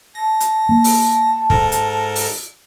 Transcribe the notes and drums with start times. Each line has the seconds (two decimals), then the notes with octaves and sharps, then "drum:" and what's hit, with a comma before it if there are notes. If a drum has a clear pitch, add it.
0.15 A5 A#6
0.40 drum: hi-hat
0.69 A#3
0.84 drum: open hi-hat
1.50 G#2 A4 A#4, drum: kick
1.72 drum: hi-hat
2.16 drum: open hi-hat